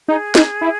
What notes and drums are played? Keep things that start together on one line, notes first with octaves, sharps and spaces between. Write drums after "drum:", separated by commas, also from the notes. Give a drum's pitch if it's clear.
D#4 G#4
D#4, drum: snare
E4